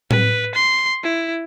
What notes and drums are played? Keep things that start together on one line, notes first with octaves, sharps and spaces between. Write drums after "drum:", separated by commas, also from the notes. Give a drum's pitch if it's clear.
B4, drum: tom A2
C6
E4